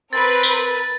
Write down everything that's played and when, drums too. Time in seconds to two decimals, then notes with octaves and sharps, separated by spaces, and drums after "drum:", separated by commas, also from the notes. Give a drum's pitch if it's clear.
0.13 C4 A#4 B4 A6
0.43 drum: tambourine